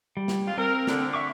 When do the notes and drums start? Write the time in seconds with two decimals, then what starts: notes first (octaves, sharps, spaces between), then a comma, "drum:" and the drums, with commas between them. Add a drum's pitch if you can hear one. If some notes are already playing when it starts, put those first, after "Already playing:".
0.17 G3
0.28 drum: snare
0.46 F2 F4
0.57 C4 A#4
0.87 D3, drum: snare
1.13 E5 C#6 D6